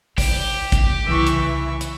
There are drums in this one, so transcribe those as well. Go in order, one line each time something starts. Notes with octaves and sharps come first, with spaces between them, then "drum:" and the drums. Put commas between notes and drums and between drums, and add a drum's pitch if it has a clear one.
E4 G4, drum: kick, open hi-hat
drum: kick, hi-hat
C2 C#3 E3 E5 C#6
drum: hi-hat
drum: hi-hat